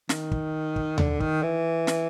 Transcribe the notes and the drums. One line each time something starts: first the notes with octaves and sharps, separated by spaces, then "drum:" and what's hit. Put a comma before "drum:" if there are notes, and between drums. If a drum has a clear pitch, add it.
D#3, drum: snare
drum: kick
drum: kick
D3, drum: tom D#2
D#3, drum: kick
E3
drum: snare